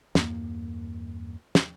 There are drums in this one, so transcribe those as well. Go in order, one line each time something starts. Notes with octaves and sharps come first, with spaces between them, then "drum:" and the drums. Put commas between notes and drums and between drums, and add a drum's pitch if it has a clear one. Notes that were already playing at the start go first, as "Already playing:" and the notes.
E2 G2 A#3, drum: snare
drum: snare